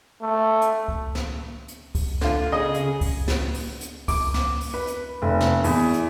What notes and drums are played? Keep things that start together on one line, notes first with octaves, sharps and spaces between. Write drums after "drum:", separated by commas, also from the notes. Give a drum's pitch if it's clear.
A3
drum: hi-hat
drum: kick C#2
drum: snare
drum: hi-hat
drum: kick C#2, open hi-hat
D3 F4, drum: snare
C#3 G#4 D#5 D#6
drum: hi-hat
drum: kick C#2, open hi-hat
drum: snare
drum: open hi-hat
drum: hi-hat
D6, drum: kick C#2, open hi-hat
drum: snare
drum: open hi-hat
B4
drum: hi-hat
F1
drum: snare
E2, drum: open hi-hat
drum: hi-hat